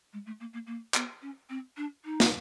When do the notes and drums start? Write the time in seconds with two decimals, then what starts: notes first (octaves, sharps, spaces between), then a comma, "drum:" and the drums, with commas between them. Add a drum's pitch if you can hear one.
0.13 G#3
0.26 A3
0.40 A#3
0.53 A#3
0.67 A#3
0.94 B3, drum: clap
1.22 C#4
1.50 C4
1.77 D4
2.05 D#4
2.20 drum: snare